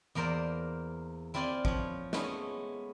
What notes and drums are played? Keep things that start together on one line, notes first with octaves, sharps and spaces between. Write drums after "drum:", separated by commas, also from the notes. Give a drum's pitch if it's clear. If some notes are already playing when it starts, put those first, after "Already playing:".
E2 A#3 A#4 C5 D5
C4 E4 F4 D5 G#5 C6
F3 C#5, drum: kick G#1
G#3 A3 B3 C#4, drum: snare